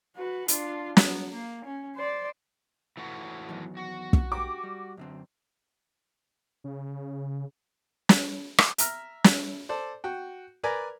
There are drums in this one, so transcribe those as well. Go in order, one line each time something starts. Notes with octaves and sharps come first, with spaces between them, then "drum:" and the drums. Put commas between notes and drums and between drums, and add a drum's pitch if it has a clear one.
F#4 B4
D4 F4, drum: hi-hat
F#3 B3, drum: snare
A#3
C#4
C5 D5
E3 A3 F4 F#4
E2 D#3 F#3
F#4
drum: kick
G4 D6
G3
F#2 D3 C4
C#3
drum: snare
drum: rim click
E5 A#5 F6, drum: hi-hat
drum: snare
A4 C5 D5
F#4 G5
A#4 B4 D5 G#5 A#5